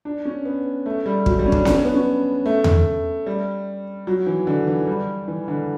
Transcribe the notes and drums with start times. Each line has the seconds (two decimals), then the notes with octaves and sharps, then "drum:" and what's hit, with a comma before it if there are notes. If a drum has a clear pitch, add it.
0.05 D4
0.25 C#4
0.45 B3
0.86 A3
1.06 G3
1.26 F#3, drum: kick
1.39 G3
1.46 C#4
1.52 D4, drum: kick
1.65 D4, drum: snare B3
1.75 C#4
1.85 B3
1.94 C#4
2.46 A3
2.64 drum: tom E2
3.26 G3
4.07 F#3
4.27 E3
4.47 D3
4.67 E3
4.87 G3
5.28 E3
5.48 D3